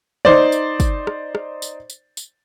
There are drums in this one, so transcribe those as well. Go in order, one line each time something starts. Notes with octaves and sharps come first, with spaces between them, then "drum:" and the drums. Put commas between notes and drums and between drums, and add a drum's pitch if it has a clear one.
D#4 C5 D5, drum: tom D3
drum: tambourine
drum: kick, tambourine
drum: rim click
drum: rim click
drum: tambourine
drum: tambourine
drum: tambourine